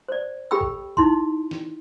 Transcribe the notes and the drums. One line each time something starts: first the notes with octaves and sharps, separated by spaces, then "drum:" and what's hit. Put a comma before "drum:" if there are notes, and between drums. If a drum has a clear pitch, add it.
C5 D5
G4 A4 G5 B5 E6
drum: kick A1
D#4 E4 C6, drum: kick A1
drum: snare